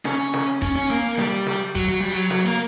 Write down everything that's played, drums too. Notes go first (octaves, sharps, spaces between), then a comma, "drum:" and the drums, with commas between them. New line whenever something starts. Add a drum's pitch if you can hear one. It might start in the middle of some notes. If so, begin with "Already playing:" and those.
C#4, drum: snare
drum: snare
C#4, drum: kick
C#4
A#3
G3, drum: snare
drum: snare
F#3, drum: kick
F#3
G3
F#3
F#3, drum: snare
A#3